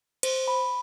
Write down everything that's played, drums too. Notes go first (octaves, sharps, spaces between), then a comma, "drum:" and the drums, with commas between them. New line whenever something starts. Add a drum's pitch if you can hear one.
C5, drum: cymbal
B5